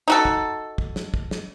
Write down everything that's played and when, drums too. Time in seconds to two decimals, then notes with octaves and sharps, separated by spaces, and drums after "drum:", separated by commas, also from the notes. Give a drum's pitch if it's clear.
0.08 D#4 F#4 A4
0.25 drum: kick
0.78 drum: kick
0.96 drum: snare
1.14 drum: kick
1.31 drum: snare